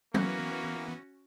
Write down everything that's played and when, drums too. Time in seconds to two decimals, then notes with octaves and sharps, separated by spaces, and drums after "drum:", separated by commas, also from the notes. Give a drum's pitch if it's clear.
0.14 E3 A#3 B3 C#4 F#4, drum: tom F#3